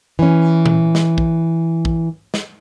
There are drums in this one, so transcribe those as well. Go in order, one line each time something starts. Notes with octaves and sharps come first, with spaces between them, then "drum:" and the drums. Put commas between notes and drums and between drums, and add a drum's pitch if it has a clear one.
E3 C#4
drum: tom A#2
drum: snare
drum: kick
drum: kick
drum: snare